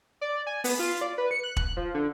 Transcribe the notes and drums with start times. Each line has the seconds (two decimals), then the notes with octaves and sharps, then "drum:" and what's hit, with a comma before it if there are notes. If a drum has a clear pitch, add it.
0.21 D5
0.47 G#5
0.64 B3, drum: open hi-hat
0.79 F4
1.01 D5
1.18 B4
1.31 C#7
1.44 F#6
1.57 drum: kick E1
1.77 F3
1.94 D3